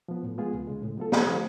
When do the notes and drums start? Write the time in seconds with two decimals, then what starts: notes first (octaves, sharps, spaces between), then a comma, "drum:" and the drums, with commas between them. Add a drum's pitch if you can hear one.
0.08 F3 B3
0.23 A2
0.38 G#3 B3 F4 G#4
0.53 C#2
0.67 C#3 G#3
0.82 A2
0.97 F#3 B3 F4 A4
1.12 D3, drum: snare
1.27 F3 A3